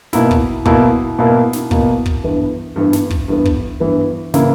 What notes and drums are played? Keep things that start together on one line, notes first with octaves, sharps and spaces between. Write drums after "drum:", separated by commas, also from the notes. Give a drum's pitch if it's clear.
B2 A#3 E4, drum: snare
drum: kick
B2 A#3 E4, drum: kick
B2 A#3 E4
drum: snare
B2 A#3 E4, drum: kick
drum: kick
G2 E3 B3
G2 E3 B3
drum: snare
drum: kick
G2 E3 B3
drum: kick
G2 E3 B3
C#3 E3 A#3 E4, drum: snare